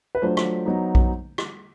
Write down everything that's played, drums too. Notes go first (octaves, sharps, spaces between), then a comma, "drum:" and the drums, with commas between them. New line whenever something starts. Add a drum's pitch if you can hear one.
B4
F#3 A3 D4 F4 C5
drum: rim click
F#3 B3 D#4
drum: kick A#1
drum: rim click